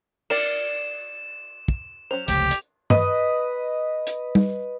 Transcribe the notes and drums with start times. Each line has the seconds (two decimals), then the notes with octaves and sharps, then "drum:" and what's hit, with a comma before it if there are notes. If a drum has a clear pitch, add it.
0.30 A#4 D5 E7, drum: cymbal
1.68 drum: kick
2.11 F#3 C#4 C5 F7
2.28 F1 C#2 A3 G4, drum: hi-hat
2.51 drum: hi-hat
2.90 B4 D#5, drum: tom
4.07 drum: hi-hat
4.35 drum: tom